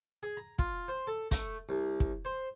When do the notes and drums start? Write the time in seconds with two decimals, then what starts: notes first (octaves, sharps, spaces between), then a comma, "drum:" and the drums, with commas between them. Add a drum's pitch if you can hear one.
0.23 G#4
0.37 A#5
0.59 F4, drum: kick
0.88 C5
1.07 A4
1.31 A3, drum: kick, hi-hat
1.69 C2
2.00 drum: kick
2.25 C5